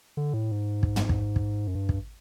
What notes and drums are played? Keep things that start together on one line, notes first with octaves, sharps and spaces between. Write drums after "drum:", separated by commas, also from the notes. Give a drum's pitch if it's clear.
D3
A2
G#2
drum: kick
drum: tom
drum: kick
drum: kick
F#2
G2
drum: kick